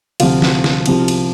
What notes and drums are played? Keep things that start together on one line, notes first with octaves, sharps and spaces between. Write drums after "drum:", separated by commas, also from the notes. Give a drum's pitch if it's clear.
D2 C3 F3 F4, drum: cymbal
drum: snare
drum: snare
C2 C3 F3, drum: cymbal
drum: cymbal